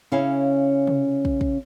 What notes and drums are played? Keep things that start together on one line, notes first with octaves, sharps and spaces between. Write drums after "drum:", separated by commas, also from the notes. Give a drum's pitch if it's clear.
C#3 C#4 E4 F5 G#5
drum: tom C3
drum: kick
drum: kick